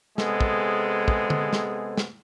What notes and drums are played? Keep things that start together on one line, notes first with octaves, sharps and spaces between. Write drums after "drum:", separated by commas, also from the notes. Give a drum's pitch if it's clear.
C3 G#3 B3 G#4 A4 C5, drum: snare
drum: kick
drum: kick
drum: tom
drum: snare
drum: snare